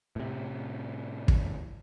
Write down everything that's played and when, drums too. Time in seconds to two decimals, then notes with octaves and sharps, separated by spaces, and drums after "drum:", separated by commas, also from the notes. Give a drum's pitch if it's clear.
0.16 A2 C3
1.28 drum: kick